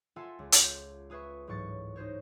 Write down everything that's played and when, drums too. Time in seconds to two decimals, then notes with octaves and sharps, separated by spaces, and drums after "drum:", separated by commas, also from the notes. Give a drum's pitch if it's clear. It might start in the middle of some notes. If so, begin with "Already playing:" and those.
0.16 F4 A4 E5 F#5 G#5 C6
0.39 C#2
0.52 drum: hi-hat
0.62 G6
1.10 F4 G#4 B4 E5 C#6
1.47 A1 G#2 F#3 C#6 A6 C#7
1.96 D#4 F#4 C5 C#5